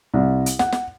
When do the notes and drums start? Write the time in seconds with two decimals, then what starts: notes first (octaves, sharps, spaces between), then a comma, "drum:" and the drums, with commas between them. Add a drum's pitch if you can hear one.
0.14 C2
0.46 drum: hi-hat
0.59 F#5, drum: snare
0.72 drum: snare